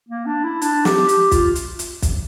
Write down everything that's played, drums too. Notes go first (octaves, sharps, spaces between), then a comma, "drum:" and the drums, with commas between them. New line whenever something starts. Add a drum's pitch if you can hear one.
A#3
D4
E4
D4, drum: hi-hat
G4, drum: snare
G4, drum: hi-hat
F4, drum: kick, hi-hat
drum: hi-hat
drum: hi-hat
drum: kick, hi-hat